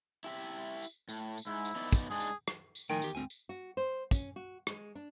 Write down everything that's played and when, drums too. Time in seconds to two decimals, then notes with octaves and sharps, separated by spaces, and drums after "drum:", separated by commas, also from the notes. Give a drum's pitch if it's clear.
0.24 E4 G4 E5
0.82 drum: tambourine
1.09 A2, drum: tambourine
1.37 drum: tambourine
1.47 G#2 E4
1.65 drum: tambourine
1.76 B3 D#4 D5
1.93 drum: kick, tambourine
2.10 G#2 G#3 D4 G#4
2.20 drum: tambourine
2.48 drum: rim click
2.75 drum: tambourine
2.90 A2 D#3 F3 G5 G#5
3.02 E2 G4, drum: tambourine
3.15 D2 G#2 C4 G#5
3.30 drum: tambourine
3.49 F#4
3.77 C5
4.11 C#4, drum: kick, tambourine
4.36 F#4
4.67 G#3, drum: rim click
4.95 D4